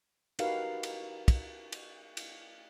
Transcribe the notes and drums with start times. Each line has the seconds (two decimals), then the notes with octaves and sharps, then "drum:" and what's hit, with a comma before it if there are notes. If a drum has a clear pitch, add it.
0.39 D#4 F#4 G4 A#4 B4 F5, drum: cymbal
0.83 drum: cymbal
1.28 drum: kick, cymbal
1.72 drum: cymbal
2.17 drum: cymbal